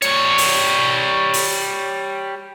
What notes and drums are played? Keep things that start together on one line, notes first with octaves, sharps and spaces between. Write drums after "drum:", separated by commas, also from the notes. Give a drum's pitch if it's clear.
G3 C#5, drum: hi-hat
drum: open hi-hat
drum: open hi-hat